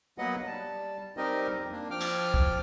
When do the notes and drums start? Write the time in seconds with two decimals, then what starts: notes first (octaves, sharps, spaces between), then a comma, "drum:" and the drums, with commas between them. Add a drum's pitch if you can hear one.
0.18 F#3 A#3 B3 B4 D#5 F#5
0.47 G3 A5
1.17 G3 C4 D#4 G4 A#4 D#5
1.55 F2
1.71 A#3 D4
1.91 F3 G5 D6 F6
2.00 drum: cymbal
2.34 drum: kick